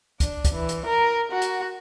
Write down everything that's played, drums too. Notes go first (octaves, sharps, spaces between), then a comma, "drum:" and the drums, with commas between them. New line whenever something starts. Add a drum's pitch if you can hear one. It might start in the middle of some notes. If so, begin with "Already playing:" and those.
D4, drum: kick C2, hi-hat
drum: kick C2, hi-hat
E3
drum: hi-hat
A#4
F#4
drum: hi-hat